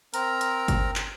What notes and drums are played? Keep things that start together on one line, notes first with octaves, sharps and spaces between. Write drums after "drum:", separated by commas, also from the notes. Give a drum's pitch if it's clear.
C4 A#4 A#5, drum: hi-hat
drum: hi-hat
drum: kick G1, hi-hat
drum: clap